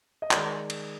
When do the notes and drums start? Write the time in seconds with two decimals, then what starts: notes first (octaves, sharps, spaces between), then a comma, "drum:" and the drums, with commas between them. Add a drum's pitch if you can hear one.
0.22 D#5
0.31 D#3 G#3 D5, drum: clap
0.70 drum: cymbal